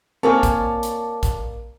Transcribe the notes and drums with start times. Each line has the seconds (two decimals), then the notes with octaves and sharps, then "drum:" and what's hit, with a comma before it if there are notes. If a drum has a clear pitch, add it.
0.23 A#3 C4 A#4 C#5 D5 G#5 A5
0.43 drum: kick A#1, hi-hat
0.83 drum: hi-hat
1.23 drum: kick A#1, hi-hat